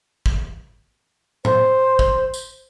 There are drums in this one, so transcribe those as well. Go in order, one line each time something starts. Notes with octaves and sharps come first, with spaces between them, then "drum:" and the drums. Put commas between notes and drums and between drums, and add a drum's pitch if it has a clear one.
drum: kick
C5, drum: tom A2
drum: kick
drum: tambourine